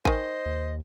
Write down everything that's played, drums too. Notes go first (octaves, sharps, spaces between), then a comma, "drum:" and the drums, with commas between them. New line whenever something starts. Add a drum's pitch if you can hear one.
D#3 C5 D#5 G#5, drum: kick G#1
D#2